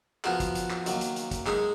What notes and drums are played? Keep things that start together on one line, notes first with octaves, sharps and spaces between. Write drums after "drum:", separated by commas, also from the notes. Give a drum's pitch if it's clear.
F3 B3 F#4 A#4, drum: clap
drum: kick, hi-hat
drum: hi-hat
drum: clap
D#3 F#3 A#3, drum: hi-hat
drum: hi-hat
drum: hi-hat
drum: kick, hi-hat
G#3 D#4 G#4, drum: clap